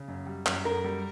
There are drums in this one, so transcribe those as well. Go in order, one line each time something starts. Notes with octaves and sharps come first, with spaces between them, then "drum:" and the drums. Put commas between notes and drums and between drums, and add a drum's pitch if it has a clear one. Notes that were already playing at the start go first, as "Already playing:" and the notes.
Already playing: C#3
F#2
G3
F#2, drum: clap
F#2 A#4
G3